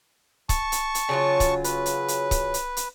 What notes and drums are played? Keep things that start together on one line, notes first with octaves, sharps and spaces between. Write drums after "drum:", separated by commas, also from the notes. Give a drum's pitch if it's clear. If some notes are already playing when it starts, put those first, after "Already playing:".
A5 C#6, drum: kick C#1, hi-hat
drum: hi-hat
drum: hi-hat
C#3 F#3 F4
drum: kick C#1, hi-hat
B4, drum: hi-hat
drum: hi-hat
drum: hi-hat
drum: kick C#1, hi-hat
drum: hi-hat
drum: hi-hat